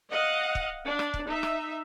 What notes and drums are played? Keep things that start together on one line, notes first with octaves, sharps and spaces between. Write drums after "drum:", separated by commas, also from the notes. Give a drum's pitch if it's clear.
D#5 F5 F#5
drum: kick
D4
drum: rim click
drum: kick
D#4 E5
drum: rim click